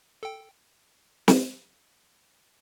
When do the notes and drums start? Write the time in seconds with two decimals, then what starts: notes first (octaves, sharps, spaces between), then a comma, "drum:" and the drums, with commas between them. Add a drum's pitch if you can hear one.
0.23 A4 G5
1.28 G#3, drum: snare